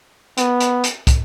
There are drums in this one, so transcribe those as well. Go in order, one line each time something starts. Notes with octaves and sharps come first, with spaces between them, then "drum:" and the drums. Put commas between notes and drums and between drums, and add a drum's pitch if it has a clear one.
B3, drum: hi-hat
drum: hi-hat
drum: hi-hat
drum: kick, hi-hat